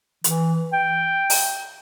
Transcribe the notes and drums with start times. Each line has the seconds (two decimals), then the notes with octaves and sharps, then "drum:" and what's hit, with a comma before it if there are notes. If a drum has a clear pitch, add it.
0.24 E3, drum: hi-hat
0.73 G5
1.30 drum: open hi-hat